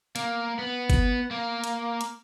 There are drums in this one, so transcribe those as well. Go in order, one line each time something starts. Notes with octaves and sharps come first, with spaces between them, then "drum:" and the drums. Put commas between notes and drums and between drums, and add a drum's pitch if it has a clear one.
A#3, drum: hi-hat
B3
drum: kick G1, hi-hat
A#3
drum: hi-hat
drum: hi-hat